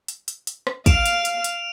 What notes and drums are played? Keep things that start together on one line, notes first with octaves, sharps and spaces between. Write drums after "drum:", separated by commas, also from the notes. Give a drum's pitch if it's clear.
drum: hi-hat
drum: hi-hat
drum: hi-hat
drum: rim click
F5 D7 E7 F7, drum: kick, hi-hat
drum: hi-hat
drum: hi-hat
drum: hi-hat